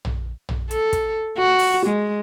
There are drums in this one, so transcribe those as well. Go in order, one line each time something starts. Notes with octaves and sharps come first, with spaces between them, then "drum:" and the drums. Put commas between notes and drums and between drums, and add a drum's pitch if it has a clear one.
drum: tom
drum: tom
A4, drum: hi-hat
drum: kick, hi-hat
F#4
drum: open hi-hat
G#3